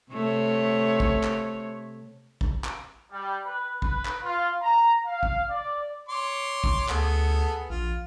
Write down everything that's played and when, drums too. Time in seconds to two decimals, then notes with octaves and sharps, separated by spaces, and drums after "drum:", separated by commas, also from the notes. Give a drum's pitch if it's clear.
0.12 C3 A3 C#5
1.00 drum: kick
1.23 drum: clap
2.41 drum: kick
2.64 drum: clap
3.11 G3
3.46 B4
3.82 B4, drum: kick
4.05 drum: clap
4.22 F4
4.62 A#5
5.05 F5
5.23 drum: kick
5.49 D5
6.08 C#5 C6 D6
6.64 drum: kick
6.89 D2 B3 G#4 A4, drum: clap
7.69 A#1 F4